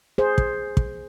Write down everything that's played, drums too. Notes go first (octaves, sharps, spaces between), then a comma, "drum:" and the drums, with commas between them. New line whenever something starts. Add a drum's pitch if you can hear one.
G#4 C5
drum: kick
drum: kick